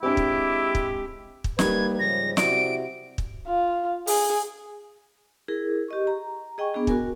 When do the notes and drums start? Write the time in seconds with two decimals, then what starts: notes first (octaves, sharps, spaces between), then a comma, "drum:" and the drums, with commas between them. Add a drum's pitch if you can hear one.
0.03 G#3 C4 D4 E4 G4
0.17 drum: kick
0.75 drum: kick
1.44 drum: kick
1.59 G3 A#3 D#4 G4 B4 G#6, drum: snare
2.00 G#2 C#3 F3 A#6
2.37 C3 E4 F#4 D5 D7, drum: snare
3.18 drum: kick
3.47 F4
4.07 G#4, drum: open hi-hat
5.48 E4 G#4 A#4
5.88 G4 D#5 C#6
6.07 A#5
6.58 G#4 D#5 G5 G#5 C#6
6.74 B3 D4 G#4
6.87 F#4 A#4 G#5, drum: kick